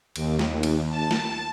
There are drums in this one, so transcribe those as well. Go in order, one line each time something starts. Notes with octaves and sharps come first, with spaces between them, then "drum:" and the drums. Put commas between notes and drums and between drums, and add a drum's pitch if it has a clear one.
D#2, drum: cymbal
drum: snare
drum: cymbal
A5
drum: snare